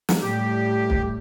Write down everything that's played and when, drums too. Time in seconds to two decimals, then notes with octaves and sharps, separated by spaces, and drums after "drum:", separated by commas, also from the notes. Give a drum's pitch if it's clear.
0.09 drum: snare
0.22 A2 G3 A3 G4
0.90 drum: kick